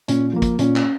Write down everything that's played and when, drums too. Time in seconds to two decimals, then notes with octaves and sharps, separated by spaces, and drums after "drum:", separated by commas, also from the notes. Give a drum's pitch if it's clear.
0.08 A#2 C#4, drum: hi-hat
0.33 F3 A#3
0.42 drum: kick, hi-hat
0.59 A#2 C#4, drum: hi-hat
0.76 drum: clap